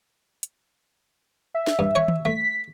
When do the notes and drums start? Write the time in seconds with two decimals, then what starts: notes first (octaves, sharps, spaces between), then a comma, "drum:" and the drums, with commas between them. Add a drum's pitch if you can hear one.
0.43 drum: hi-hat
1.54 E5
1.67 drum: snare
1.79 G2
1.95 C#5 C#6
2.08 drum: tom D#3
2.25 A3 B6